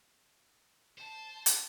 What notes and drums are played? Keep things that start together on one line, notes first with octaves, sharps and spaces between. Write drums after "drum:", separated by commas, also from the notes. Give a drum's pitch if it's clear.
C5 A5 E7
drum: hi-hat